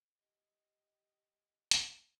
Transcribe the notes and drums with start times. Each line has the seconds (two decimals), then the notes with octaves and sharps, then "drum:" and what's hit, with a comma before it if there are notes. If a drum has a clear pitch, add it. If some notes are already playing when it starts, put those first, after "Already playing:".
0.17 G4 D#5
1.71 drum: hi-hat